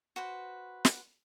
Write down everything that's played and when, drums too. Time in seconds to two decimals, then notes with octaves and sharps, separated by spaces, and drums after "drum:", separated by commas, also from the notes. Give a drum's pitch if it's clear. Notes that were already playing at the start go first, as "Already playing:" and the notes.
0.16 F#4 B4 C5
0.85 drum: snare